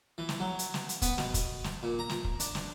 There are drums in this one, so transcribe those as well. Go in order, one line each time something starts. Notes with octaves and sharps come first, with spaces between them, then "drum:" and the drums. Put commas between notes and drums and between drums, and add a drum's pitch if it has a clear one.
E3
drum: snare
F#3
drum: hi-hat
drum: snare
drum: hi-hat
B3, drum: kick, hi-hat
B2, drum: snare
drum: kick, hi-hat
drum: snare
A#2
A#5
drum: snare
drum: kick
D4, drum: hi-hat
drum: snare